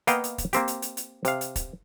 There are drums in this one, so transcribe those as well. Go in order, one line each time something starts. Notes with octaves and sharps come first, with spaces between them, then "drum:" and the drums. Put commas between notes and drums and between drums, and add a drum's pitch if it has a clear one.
A#3 B3 D#5 F5 G5, drum: hi-hat
drum: hi-hat
drum: kick, hi-hat
A#3 C4 G4, drum: hi-hat
drum: hi-hat
drum: hi-hat
drum: hi-hat
C3 F5, drum: hi-hat
drum: hi-hat
drum: kick, hi-hat